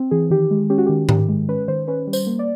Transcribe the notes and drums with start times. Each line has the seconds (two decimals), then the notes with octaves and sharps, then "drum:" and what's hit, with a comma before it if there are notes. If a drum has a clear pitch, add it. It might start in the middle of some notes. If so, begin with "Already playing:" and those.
Already playing: C4
0.11 E3 G#4
0.30 D#3 G4
0.51 G#3
0.70 C#4 G4
0.78 F#4
0.86 D#3 G4
1.09 D#3 G4, drum: tom G#2
1.29 G#3
1.48 C#4 B4
1.68 D#3 C5
1.88 C#4 B4
2.07 G3
2.13 C5, drum: tambourine
2.27 A#3
2.39 D5